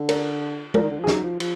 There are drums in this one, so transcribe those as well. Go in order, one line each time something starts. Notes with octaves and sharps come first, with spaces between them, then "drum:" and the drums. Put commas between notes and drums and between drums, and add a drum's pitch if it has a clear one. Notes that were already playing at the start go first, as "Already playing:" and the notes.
Already playing: D3
A#4 D5, drum: cymbal
F3 A#4 D5, drum: tom
D#3
D3
F3
G#4
F#3 D#4 F#4, drum: snare
F3
F3, drum: cymbal